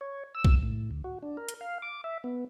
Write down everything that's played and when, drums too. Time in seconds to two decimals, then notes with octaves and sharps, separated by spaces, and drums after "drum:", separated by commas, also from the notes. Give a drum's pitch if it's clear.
0.01 C#5
0.35 E6
0.45 drum: kick
0.63 A2
0.91 D2
1.04 F#4
1.23 D4
1.37 A#4
1.49 drum: hi-hat
1.61 F5
1.82 D6
2.04 E5
2.24 B3